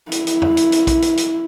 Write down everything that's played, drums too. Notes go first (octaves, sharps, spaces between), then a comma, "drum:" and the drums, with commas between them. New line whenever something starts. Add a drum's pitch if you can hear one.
E4, drum: hi-hat
drum: hi-hat
drum: tom
drum: hi-hat
drum: hi-hat
drum: kick A#1, hi-hat
drum: hi-hat
drum: hi-hat